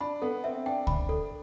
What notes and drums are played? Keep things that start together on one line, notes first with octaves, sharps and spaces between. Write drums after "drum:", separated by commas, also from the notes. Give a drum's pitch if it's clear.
D4 B5
B3 A4
C4 E5
D4 G5
D4 B5, drum: kick C#2
A4